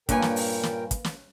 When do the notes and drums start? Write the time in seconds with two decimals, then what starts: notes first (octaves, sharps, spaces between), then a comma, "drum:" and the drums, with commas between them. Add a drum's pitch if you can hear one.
0.09 G2 A#2 A#3 A#4 B4 C#5 G5 G#5, drum: kick, hi-hat
0.22 drum: snare
0.36 drum: open hi-hat
0.63 drum: snare
0.91 drum: kick, hi-hat
1.04 drum: snare